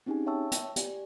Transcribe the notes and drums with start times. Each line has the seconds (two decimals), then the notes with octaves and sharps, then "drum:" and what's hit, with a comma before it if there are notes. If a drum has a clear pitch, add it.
0.06 C4 C#4 D#4 G4 G#4 G#5
0.26 C#5 E5 G5 A5 C#6 E6
0.52 drum: hi-hat
0.76 G4 D5 G#5, drum: hi-hat